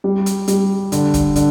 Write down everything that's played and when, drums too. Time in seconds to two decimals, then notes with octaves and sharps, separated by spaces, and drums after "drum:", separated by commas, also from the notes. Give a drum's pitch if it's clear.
0.04 G3
0.26 drum: hi-hat
0.48 G3, drum: hi-hat
0.92 D3, drum: hi-hat
1.14 drum: kick, hi-hat
1.36 D3, drum: hi-hat